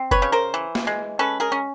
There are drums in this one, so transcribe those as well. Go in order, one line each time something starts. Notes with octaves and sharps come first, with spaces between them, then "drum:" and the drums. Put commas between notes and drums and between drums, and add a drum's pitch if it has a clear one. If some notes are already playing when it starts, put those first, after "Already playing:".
Already playing: C4
B4 C#5, drum: kick F#1
C#3
A#4 C5
E3
drum: snare
G#3
C#4 A4 B4
G#4 A#4
C#4